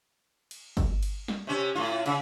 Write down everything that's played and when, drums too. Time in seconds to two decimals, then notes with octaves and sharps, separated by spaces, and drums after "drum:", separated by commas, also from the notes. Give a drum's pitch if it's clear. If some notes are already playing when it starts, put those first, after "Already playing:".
0.51 drum: cymbal
0.77 drum: kick G1, cymbal
1.03 drum: cymbal
1.28 drum: snare
1.47 C3 C#4
1.75 A2 F4
2.06 C#3, drum: cymbal